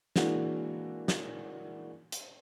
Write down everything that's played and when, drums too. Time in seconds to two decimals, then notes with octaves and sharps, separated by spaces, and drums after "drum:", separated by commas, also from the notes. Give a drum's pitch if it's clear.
0.16 E3 G#3 A#3 D4 F#4, drum: snare
1.08 drum: snare
2.12 drum: hi-hat